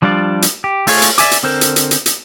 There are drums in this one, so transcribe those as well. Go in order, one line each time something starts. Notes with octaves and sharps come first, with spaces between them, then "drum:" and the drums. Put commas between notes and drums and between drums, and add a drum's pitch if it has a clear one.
F3 G3 D4 F4 D5
drum: hi-hat
G4
A3 F4 G#4 C#5, drum: open hi-hat
drum: hi-hat
D5 E5 G#5 D6, drum: hi-hat
drum: hi-hat
D3 C4 A4 A#4 C5
drum: hi-hat
drum: hi-hat
drum: hi-hat
drum: hi-hat